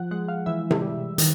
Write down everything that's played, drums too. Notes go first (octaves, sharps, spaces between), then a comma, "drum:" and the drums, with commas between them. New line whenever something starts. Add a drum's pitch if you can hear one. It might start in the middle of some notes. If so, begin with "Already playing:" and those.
Already playing: F3 F#5
G#3 F#5
F5
E3 E5
drum: tom C3
G3
D#3, drum: hi-hat